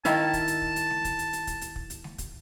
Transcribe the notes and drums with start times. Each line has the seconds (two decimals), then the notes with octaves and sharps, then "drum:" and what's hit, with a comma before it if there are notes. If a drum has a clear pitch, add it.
0.05 D#3 E4 F5 A5, drum: hi-hat
0.33 drum: kick, hi-hat
0.48 drum: hi-hat
0.62 drum: kick
0.76 drum: hi-hat
0.90 drum: snare G#3
1.05 drum: kick, hi-hat
1.19 drum: hi-hat
1.33 drum: hi-hat
1.47 drum: kick, hi-hat
1.61 drum: hi-hat
1.76 drum: kick
1.90 drum: hi-hat
2.04 drum: snare G#3
2.18 drum: kick, hi-hat